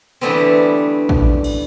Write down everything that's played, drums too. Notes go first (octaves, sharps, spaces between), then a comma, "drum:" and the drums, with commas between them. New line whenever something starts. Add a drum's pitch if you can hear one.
D3 E3 G3 A3 B3 C4
drum: kick
drum: cymbal